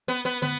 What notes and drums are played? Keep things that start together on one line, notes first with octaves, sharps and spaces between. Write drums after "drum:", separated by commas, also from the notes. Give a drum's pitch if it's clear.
B3
B3
B3, drum: tom